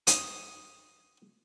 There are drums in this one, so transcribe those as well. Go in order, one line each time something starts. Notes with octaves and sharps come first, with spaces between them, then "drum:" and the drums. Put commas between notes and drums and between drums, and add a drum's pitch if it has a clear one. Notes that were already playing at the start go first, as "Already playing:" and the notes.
D#6, drum: hi-hat